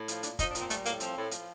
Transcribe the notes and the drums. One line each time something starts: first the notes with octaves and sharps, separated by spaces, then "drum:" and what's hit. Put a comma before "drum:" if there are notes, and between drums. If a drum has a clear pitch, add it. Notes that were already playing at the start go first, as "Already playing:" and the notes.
Already playing: A2
F3, drum: hi-hat
A#2 D4, drum: hi-hat
F3 D#4, drum: kick, hi-hat
D4
A#2 C4, drum: hi-hat
G3 A3, drum: hi-hat
A2 A#3, drum: hi-hat
F3 C4, drum: hi-hat
A2
F3, drum: hi-hat